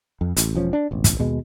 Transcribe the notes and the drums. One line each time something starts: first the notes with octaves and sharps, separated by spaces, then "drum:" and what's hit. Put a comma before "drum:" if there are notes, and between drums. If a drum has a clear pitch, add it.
F2
A1, drum: hi-hat
E1 F3 C#4
D4
E1 A1
drum: kick, hi-hat
D#2 B2 G#3